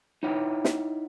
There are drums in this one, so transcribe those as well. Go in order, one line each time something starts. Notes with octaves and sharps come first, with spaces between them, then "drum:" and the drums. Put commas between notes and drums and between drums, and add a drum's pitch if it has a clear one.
D#4 E4 C#5 F#5 G5
drum: snare